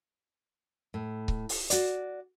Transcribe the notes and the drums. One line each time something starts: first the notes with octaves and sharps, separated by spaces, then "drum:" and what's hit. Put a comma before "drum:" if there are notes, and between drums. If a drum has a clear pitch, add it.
A2
drum: kick C#1
drum: open hi-hat
F#4 D5, drum: hi-hat